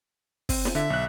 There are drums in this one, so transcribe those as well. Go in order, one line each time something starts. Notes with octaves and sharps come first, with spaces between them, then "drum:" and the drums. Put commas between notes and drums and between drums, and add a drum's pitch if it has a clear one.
C4, drum: kick, open hi-hat
drum: snare
D3 E5
B1 F#6